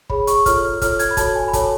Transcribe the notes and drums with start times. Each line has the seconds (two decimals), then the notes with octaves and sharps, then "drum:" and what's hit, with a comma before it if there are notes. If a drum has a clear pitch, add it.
0.10 G#4 C#5 B5, drum: kick
0.27 C#6, drum: hi-hat
0.46 F4 A4 C#5 F6, drum: kick, hi-hat
0.82 F4 A4 C#5 F6, drum: kick, hi-hat
0.99 G#6, drum: hi-hat
1.11 B5
1.17 F#4 A4 C#5 A5, drum: kick, hi-hat
1.35 G#5
1.48 B5
1.53 F#4 A4 C#5 A5, drum: kick, hi-hat